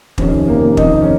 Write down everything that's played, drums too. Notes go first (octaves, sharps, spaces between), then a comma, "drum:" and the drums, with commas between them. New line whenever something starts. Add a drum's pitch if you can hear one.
F2 C3 D#3 C#4, drum: kick
F2 C3 D#3 A#3
A#3
F2 C3 D#3 D#4, drum: kick
C#4